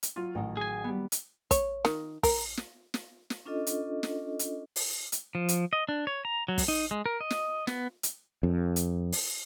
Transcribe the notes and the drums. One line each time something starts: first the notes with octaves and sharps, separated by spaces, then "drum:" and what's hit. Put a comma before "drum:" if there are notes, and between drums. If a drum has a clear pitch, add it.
drum: hi-hat
F#3 F4
A1 D#3 D#4
G#4 G#5
G3 B3
drum: hi-hat
C#5, drum: kick, hi-hat
D#3, drum: snare
A#4, drum: kick, open hi-hat
drum: snare
drum: snare
drum: snare
C#4 D4 F4 A4 D#5
drum: hi-hat
drum: snare
drum: hi-hat
drum: open hi-hat
drum: hi-hat
F3
drum: hi-hat
D#5
D4
C#5
A#5
F#3
drum: kick, open hi-hat
D#4
G#3
A#4
D#5
drum: snare
B3, drum: snare
drum: hi-hat
F2
drum: hi-hat
drum: open hi-hat